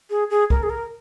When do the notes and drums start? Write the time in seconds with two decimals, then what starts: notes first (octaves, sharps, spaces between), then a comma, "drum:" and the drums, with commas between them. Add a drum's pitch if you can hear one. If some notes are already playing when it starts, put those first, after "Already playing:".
0.10 G#4
0.30 G#4
0.50 A#4, drum: kick
0.63 G#4
0.70 A#4